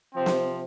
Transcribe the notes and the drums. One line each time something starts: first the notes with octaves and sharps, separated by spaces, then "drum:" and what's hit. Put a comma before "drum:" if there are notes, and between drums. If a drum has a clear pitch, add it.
C3 F3 C4
drum: snare